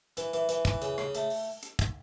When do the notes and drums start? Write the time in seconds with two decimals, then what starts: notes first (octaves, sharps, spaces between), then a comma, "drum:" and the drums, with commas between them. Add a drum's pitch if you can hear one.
0.17 E3, drum: hi-hat
0.33 E3, drum: hi-hat
0.49 E3, drum: hi-hat
0.65 E3, drum: kick, hi-hat
0.82 C#3, drum: hi-hat
0.98 C#3, drum: rim click
1.15 A3, drum: hi-hat
1.30 drum: open hi-hat
1.63 drum: hi-hat
1.79 drum: kick, hi-hat